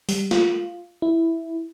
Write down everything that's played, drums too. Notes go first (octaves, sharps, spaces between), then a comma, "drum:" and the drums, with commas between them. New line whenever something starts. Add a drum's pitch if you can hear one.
G3, drum: open hi-hat
F4, drum: snare
E4